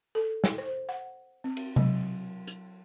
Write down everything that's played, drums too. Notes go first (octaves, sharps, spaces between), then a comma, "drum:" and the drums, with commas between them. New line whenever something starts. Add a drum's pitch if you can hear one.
A4
drum: snare
C5
F#5
C4
drum: cymbal
F#3, drum: tom C3
drum: hi-hat